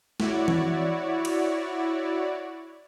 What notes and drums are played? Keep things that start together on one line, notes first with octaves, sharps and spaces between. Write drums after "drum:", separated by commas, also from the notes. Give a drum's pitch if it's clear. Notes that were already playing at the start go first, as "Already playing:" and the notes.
E4 F#4 C#5 D5, drum: snare
drum: tom E3
drum: cymbal